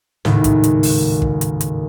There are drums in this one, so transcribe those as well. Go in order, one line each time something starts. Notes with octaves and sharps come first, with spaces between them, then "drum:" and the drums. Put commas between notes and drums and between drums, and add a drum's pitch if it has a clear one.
G#1 D#2 A2 C#3, drum: snare
drum: kick, hi-hat
drum: hi-hat
drum: open hi-hat
drum: kick
drum: hi-hat
drum: hi-hat